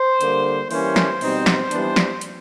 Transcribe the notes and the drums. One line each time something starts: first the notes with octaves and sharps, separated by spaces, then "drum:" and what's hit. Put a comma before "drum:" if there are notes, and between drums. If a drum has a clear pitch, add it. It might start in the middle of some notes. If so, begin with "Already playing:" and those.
Already playing: C5
D3 G3 A#3, drum: hi-hat
E3 G3 A#3 C#4 C5, drum: open hi-hat
drum: snare
B2 G3 C4 D#4, drum: open hi-hat
drum: snare
E3 G3 B3 D4, drum: hi-hat
drum: snare
drum: hi-hat